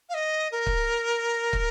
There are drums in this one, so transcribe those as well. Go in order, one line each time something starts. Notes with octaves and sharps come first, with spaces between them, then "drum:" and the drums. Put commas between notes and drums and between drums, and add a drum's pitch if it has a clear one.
F5
D#5
A#4
drum: kick
drum: kick